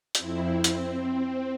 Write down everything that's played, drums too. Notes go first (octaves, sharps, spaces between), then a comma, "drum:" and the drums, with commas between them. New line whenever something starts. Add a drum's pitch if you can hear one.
F2 C4 E4, drum: hi-hat
C4, drum: hi-hat